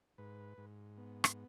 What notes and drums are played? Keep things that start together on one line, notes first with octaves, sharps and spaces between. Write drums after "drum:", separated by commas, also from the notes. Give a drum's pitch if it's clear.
G#2 B4
G#2
B3
drum: rim click